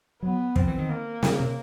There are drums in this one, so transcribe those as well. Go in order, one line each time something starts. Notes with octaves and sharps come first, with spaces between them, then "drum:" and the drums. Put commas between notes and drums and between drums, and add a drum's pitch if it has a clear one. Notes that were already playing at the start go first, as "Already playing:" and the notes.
F#3 B3
F3 C4, drum: kick
E3
D#3
A#3
C#3, drum: snare
C3